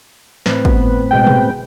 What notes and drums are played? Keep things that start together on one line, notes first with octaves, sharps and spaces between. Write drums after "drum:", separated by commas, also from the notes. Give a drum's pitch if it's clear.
A2 C4 B4, drum: snare
B3, drum: kick
B2 G#3 G5
drum: tom B2